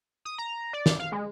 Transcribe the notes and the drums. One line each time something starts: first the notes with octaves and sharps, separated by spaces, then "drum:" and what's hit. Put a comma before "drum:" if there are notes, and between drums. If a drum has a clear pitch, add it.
D#6
A#5
D5
drum: snare
F5
G#3